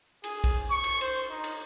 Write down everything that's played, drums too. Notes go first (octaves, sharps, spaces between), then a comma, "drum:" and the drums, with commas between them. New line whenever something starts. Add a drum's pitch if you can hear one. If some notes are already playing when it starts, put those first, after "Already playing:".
G#4, drum: cymbal
drum: kick, cymbal
C#6
drum: cymbal
C5, drum: cymbal
D#4
drum: cymbal